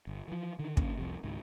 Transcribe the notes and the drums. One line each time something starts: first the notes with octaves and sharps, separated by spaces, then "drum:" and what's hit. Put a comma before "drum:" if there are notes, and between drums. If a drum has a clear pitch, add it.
G1
E3 F3
D3 D#3
F#1 D3 A#3 C#4, drum: kick
C2 F2 C3
C#2 G#2 D#3